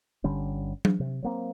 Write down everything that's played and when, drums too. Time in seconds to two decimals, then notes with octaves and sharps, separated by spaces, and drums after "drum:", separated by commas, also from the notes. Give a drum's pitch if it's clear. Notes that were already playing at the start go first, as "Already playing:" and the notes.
0.24 G1 D3 G3 C#4
0.85 drum: tom F#3
1.00 C3
1.22 F#3 A#3 C4